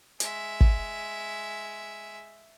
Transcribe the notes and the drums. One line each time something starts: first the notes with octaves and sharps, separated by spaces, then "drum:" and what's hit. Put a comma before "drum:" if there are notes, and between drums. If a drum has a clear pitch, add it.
G#3 E5, drum: hi-hat
drum: kick